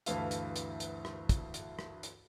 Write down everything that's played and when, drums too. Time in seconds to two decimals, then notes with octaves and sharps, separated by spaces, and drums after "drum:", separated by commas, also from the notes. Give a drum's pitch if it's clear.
0.06 D2 G2 E3 A3 E4 F5, drum: hi-hat
0.31 drum: hi-hat
0.56 drum: hi-hat
0.80 drum: hi-hat
1.05 drum: rim click
1.29 drum: kick, hi-hat
1.54 drum: hi-hat
1.79 drum: rim click
2.03 drum: hi-hat